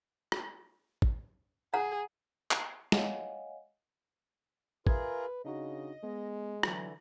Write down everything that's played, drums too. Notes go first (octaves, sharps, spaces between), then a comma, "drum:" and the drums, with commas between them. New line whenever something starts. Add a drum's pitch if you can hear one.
drum: rim click
drum: kick
G#4 F#5 A#5
drum: clap
C#5 D#5 F5 F#5 G#5, drum: snare
F4 G#4 A#4 B4 E5 G#6, drum: kick
C#3 D4 D#4 F#4 D#5
G#3 B3
D3 E3 F#3, drum: rim click